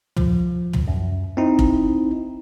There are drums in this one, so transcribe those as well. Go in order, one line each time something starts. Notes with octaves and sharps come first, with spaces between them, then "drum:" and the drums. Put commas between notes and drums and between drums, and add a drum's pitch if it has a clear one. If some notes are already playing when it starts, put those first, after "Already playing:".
F3, drum: tom
drum: tom
F#2
C4 D#4 E4
drum: kick F1